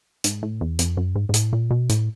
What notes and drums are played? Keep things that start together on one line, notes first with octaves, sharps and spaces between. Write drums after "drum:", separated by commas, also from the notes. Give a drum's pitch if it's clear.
G#2, drum: hi-hat
A2
E2
F2, drum: hi-hat
F#2
G#2
G#2
A2, drum: hi-hat
A#2
B2
A2, drum: hi-hat